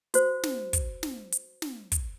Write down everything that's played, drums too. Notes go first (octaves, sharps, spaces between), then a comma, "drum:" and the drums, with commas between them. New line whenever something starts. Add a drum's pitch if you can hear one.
F#4 C5, drum: hi-hat
drum: snare
drum: kick, hi-hat
drum: snare
drum: hi-hat
drum: snare
drum: kick, hi-hat